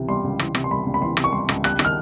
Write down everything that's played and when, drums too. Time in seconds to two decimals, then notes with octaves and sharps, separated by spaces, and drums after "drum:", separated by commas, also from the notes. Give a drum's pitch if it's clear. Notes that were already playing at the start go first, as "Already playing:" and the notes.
Already playing: C#2 C3 E3
0.09 G3 C6
0.24 C#2
0.39 E3, drum: rim click
0.55 C3, drum: rim click
0.64 C6
0.71 G3 B5
0.86 C#2
0.94 B5
1.02 E3 C6
1.17 C3, drum: rim click
1.24 C#6
1.32 G3 C6
1.49 C#2, drum: rim click
1.64 G3 F#6, drum: rim click
1.79 D#3, drum: rim click
1.85 F6